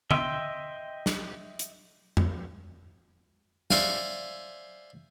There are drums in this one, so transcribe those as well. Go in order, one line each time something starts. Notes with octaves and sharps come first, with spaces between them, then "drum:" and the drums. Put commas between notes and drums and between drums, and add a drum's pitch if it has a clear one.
D#5 E5 G5 C6 E6, drum: tom D3
drum: snare
drum: hi-hat
drum: tom F2
C5 D5 E5 F5 G#5, drum: snare